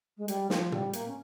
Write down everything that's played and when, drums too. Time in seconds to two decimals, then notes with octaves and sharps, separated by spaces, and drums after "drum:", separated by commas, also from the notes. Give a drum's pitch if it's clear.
0.18 G#3
0.28 G3, drum: hi-hat
0.50 F3, drum: snare
0.72 G3, drum: tom
0.93 A#3, drum: hi-hat
1.07 C#4